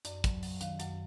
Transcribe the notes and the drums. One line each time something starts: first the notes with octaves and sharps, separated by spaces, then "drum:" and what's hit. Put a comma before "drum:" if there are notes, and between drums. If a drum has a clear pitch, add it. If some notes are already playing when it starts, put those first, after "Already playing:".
F#2 D5, drum: hi-hat
F#3, drum: kick, hi-hat
F#3, drum: open hi-hat
D#3 F5, drum: hi-hat
F#2 F#5, drum: hi-hat